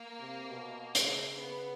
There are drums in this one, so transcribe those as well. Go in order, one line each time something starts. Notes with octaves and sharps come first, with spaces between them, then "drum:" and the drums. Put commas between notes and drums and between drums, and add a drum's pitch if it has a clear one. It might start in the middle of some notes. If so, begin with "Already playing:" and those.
Already playing: A#3
C3
B2
C#3, drum: hi-hat
B3